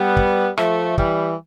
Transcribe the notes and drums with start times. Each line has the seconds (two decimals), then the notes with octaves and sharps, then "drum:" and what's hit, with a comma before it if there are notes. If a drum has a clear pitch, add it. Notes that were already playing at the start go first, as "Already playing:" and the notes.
Already playing: G3 B3
0.17 drum: kick
0.57 F3 A3, drum: rim click
0.98 E3 G3, drum: kick